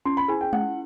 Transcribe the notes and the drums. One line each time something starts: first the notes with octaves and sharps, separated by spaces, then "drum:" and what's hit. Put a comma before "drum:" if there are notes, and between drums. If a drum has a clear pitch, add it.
C#4 C6
B5
E4 G#4 G#5
G5
C#4 F#5, drum: tom G#3